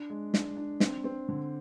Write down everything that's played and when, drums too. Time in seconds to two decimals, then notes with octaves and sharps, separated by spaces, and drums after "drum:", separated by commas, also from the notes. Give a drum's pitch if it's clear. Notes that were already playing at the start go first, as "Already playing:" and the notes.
Already playing: D4
0.10 G#3
0.34 D4, drum: snare
0.57 D4
0.80 C4, drum: snare
1.04 C4
1.28 D3